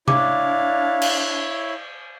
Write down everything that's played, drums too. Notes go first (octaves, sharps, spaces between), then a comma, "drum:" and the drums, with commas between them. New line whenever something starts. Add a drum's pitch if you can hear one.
D4 E4 C#5 F5 D6, drum: tom C3
drum: cymbal